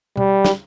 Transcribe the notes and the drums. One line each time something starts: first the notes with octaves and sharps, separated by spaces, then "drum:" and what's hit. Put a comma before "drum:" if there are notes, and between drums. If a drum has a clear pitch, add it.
G3, drum: tom B2
drum: snare